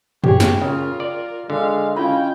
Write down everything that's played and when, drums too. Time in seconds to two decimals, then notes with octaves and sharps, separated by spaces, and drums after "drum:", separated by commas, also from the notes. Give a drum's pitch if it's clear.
0.24 G4 G#4 C#5, drum: tom F#2
0.40 drum: snare
0.62 C#3 F4 A#4 G5
1.00 D5
1.50 D3 G#3 F5
1.96 C#4 E4 F4 D#5 G5 B5